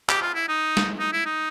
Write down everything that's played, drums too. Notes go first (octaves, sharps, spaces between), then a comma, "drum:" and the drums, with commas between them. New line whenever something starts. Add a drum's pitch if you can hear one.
G4, drum: clap
F4
E4
D#4
drum: snare
D#4
E4
D#4